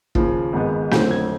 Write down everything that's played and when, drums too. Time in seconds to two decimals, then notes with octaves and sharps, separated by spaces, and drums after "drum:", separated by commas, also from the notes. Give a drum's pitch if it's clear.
0.15 D#2 C#3 F3, drum: kick
0.53 G#1 G#2 D#3 G#3 B3
0.91 F2 D3 F#3 A3 C4 G6, drum: snare
1.11 G#6